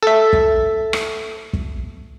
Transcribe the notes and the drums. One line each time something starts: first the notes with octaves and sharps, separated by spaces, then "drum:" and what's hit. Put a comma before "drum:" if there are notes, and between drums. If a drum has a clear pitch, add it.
A4 E5
drum: kick
drum: rim click
drum: kick